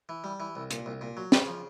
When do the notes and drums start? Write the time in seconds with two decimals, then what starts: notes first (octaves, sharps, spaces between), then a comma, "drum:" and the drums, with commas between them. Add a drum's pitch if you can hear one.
0.09 E3
0.24 G3
0.40 E3
0.55 C2
0.71 A#2, drum: hi-hat
0.86 C2
1.01 A#2
1.17 F#3
1.32 C#3, drum: snare
1.47 F3